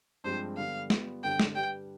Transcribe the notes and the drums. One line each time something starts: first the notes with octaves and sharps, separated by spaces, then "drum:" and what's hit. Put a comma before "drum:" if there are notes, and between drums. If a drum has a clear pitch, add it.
G2 F3 G#3 C4 C5
D3 G3 B3 F5
G3 B3 F4, drum: snare
G2 D3 G3 C4 G4 G5
drum: snare
G3 D4 G4 B4 G5